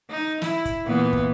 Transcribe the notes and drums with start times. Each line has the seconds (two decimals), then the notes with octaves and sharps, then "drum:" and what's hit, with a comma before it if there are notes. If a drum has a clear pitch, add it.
0.10 D#4
0.42 E4, drum: snare
0.65 drum: kick, hi-hat
0.86 A#2 E3 B3
1.13 drum: kick